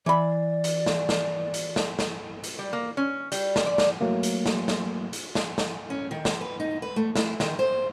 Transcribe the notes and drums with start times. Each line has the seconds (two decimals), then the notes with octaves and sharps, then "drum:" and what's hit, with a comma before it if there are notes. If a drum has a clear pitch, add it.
0.06 E3 D5 B5
0.64 drum: hi-hat
0.86 drum: snare
1.09 drum: snare
1.54 drum: hi-hat
1.76 drum: snare
1.99 drum: snare
2.44 drum: hi-hat
2.59 G3
2.73 A#3
2.97 C#4
3.32 G3, drum: hi-hat
3.56 drum: snare
3.66 D5
3.78 drum: snare
4.01 F#3 A3 A#3
4.23 drum: hi-hat
4.46 drum: snare
4.68 drum: snare
5.13 drum: hi-hat
5.35 drum: snare
5.58 drum: snare
5.90 C#4
6.11 D#3
6.25 drum: snare
6.41 B4
6.60 D#4
6.82 B4
6.96 A3
7.16 E4, drum: snare
7.40 D#3, drum: snare
7.59 C5